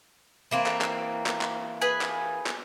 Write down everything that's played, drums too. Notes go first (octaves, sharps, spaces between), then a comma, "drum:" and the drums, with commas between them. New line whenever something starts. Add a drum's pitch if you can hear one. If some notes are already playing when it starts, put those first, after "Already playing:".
E3 A#3 C4
drum: clap
drum: clap
drum: clap
drum: clap
G#4 B4 G#5
drum: clap
drum: clap